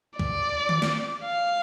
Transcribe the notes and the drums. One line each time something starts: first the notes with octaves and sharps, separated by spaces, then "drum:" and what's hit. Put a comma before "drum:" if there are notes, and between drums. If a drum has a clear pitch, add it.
D5, drum: kick
drum: tom D#3
drum: snare
F5